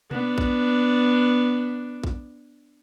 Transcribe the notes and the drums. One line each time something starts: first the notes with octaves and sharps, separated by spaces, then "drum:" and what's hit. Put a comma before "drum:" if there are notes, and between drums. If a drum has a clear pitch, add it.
B3 D4, drum: tom B2
drum: kick
drum: kick